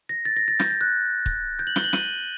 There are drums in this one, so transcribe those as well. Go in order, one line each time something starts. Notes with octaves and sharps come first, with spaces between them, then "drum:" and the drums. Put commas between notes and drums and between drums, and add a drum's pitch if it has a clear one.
A#6
A6
A#6
A6
G6, drum: snare
G6
F#6
drum: kick
G6
F#7
G7, drum: snare
F#7
D#7, drum: snare